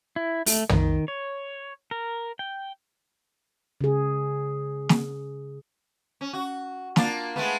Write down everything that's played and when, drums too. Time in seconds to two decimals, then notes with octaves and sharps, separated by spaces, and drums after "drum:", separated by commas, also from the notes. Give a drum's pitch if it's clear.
0.16 E4
0.46 A3, drum: open hi-hat
0.69 D#3, drum: tom
1.08 C#5
1.91 A#4
2.39 G5
3.81 C#3 G#4
4.89 drum: snare
6.21 C#4
6.33 F#4
6.96 A#3 D4 F4, drum: snare
7.36 G#3 A3 B3